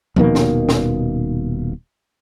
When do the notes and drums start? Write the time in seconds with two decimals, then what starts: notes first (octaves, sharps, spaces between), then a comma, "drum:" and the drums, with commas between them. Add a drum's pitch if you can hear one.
0.16 D#1 B2 D#3 A#3, drum: tom F3
0.35 drum: snare
0.69 drum: snare